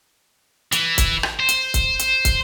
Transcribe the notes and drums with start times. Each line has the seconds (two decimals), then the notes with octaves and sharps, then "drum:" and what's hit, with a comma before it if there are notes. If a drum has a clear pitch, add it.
0.72 E3, drum: hi-hat
0.98 drum: kick, hi-hat
1.23 drum: rim click
1.40 C5
1.49 drum: hi-hat
1.74 drum: kick, hi-hat
1.99 drum: hi-hat
2.25 drum: kick, hi-hat